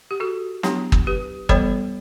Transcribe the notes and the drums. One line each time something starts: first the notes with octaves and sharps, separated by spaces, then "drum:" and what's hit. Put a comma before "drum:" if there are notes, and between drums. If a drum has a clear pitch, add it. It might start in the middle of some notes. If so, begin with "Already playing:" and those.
G4
F#4 A4
F#3 B3 D4 E4 G4, drum: snare
drum: kick
G4 B4
E3 G3 B3 A4 C#5, drum: kick